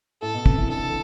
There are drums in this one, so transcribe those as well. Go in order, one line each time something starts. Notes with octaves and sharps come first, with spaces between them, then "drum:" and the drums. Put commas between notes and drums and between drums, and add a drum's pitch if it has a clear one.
A2 A4
B2
C3, drum: kick
E3
D3 A4